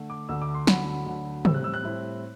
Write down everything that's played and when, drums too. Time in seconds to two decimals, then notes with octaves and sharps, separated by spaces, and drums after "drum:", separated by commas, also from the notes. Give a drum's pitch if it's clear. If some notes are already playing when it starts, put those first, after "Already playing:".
Already playing: D3 A3
0.10 D6
0.29 D2 D3 A3 E6
0.42 D6
0.54 C6
0.67 D2 D3 F#3 B5, drum: snare
1.06 D2 D3 F#3
1.45 A2 G3 C4 E4 E6, drum: tom
1.54 F#6
1.64 E6
1.74 F#6
1.83 A2 G3 C4 E4